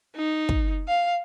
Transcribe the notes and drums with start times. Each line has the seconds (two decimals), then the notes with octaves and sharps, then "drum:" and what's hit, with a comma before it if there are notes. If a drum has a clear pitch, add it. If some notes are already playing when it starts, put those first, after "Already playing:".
0.16 D#4
0.49 drum: kick
0.88 F5